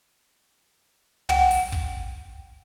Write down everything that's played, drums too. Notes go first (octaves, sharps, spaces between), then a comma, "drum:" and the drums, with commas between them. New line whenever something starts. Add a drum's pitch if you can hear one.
F#5 G5, drum: tom
drum: open hi-hat
drum: kick